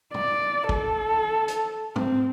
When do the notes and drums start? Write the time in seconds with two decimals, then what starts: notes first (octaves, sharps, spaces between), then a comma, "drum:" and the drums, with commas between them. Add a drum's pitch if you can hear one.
0.14 D5, drum: tom
0.69 A4, drum: kick
1.48 drum: hi-hat
1.96 C4, drum: tom